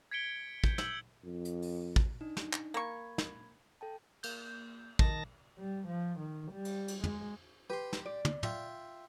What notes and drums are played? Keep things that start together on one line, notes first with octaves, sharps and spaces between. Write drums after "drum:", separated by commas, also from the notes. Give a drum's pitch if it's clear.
G#6 B6 C#7 D7 G7
G6, drum: kick
E6 G6 F#7, drum: snare
F2
drum: hi-hat
drum: open hi-hat
drum: kick
D4 D#4
drum: snare
drum: clap
A#3 B5 C#6 G#6
drum: snare
A4 G5 A5
A#3 G6, drum: cymbal
D#3 A5 A#6, drum: kick
G3
F3
D#3
G3
drum: cymbal
drum: cymbal
G#3, drum: tom
G4 B4 C6
drum: snare
D5
drum: tom
F4 E5 G5, drum: tom